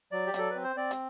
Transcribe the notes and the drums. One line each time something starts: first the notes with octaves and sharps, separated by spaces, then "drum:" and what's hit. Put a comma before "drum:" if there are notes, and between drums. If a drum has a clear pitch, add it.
F#3 D5
G4
F#3 A4, drum: hi-hat
C4 B4
C5
C4 D5
drum: hi-hat